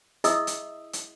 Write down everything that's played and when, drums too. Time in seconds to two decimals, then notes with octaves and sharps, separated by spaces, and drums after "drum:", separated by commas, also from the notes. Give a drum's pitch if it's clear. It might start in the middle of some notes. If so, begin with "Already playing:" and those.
0.24 E4 G#4 D#5 E5 D#6 E6, drum: hi-hat
0.47 drum: hi-hat
0.93 drum: hi-hat